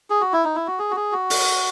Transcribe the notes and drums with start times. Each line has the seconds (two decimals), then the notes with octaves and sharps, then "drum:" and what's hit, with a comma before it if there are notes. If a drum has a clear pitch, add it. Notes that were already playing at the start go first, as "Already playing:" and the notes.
0.10 G#4
0.21 F#4
0.33 E4
0.44 D#4
0.55 E4
0.67 F#4
0.79 G#4
0.91 F#4
0.96 G#4
1.12 F#4
1.30 drum: open hi-hat